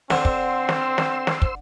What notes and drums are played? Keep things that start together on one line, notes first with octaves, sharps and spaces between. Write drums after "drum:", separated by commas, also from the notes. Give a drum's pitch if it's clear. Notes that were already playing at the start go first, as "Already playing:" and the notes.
D3 C4 C5 C6 E6, drum: snare
drum: kick
drum: snare
drum: snare
drum: snare
drum: kick